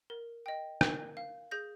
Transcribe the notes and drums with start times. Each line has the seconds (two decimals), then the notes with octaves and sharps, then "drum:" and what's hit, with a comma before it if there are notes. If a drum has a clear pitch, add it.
0.10 A#4
0.46 D#5 G5
0.81 A#4, drum: rim click
1.17 F5
1.51 G#4 G6 A#6